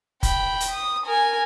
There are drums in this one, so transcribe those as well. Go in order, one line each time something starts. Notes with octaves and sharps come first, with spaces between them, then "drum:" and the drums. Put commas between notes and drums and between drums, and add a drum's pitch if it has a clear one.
G5 B5, drum: kick, hi-hat
drum: hi-hat
D#6
A#4 G#5